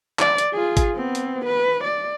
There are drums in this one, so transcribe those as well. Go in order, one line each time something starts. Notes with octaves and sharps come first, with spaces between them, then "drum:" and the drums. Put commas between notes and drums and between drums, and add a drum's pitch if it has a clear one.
D5, drum: clap
drum: hi-hat
F4 G#4
drum: kick G#1, hi-hat
B3 C4
drum: hi-hat
B4
D5